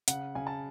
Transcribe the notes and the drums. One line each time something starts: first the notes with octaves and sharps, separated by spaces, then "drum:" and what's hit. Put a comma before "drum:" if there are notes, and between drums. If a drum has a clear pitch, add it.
C#3 F#5, drum: hi-hat
C#3 G#5
A5